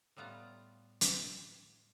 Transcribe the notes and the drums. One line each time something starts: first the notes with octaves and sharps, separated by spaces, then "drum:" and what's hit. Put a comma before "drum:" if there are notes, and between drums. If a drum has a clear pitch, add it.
A2 G3 B3 F4 A#5
drum: hi-hat